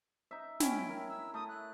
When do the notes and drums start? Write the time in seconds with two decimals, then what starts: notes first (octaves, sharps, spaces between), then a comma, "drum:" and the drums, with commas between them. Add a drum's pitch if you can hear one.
0.31 D#4 E5
0.60 C#4 E4 G5, drum: snare
0.89 A#4
1.08 E6
1.34 A3 D#6
1.48 F#6